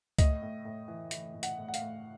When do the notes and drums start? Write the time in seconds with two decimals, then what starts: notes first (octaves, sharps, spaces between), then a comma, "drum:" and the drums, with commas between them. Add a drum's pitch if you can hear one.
0.19 A2 D#5, drum: kick C#2, hi-hat
0.42 A2
0.65 A2
0.88 E3
1.11 E3, drum: hi-hat
1.34 A2
1.43 F#5, drum: hi-hat
1.58 A2
1.68 F#5
1.74 F5, drum: hi-hat
1.81 A2